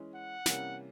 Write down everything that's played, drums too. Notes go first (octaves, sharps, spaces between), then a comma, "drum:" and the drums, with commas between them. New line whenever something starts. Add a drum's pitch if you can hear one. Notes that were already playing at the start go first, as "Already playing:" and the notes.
Already playing: E3 G#3 C#4
F#5
C3 E3 G3 A#3 C#4, drum: snare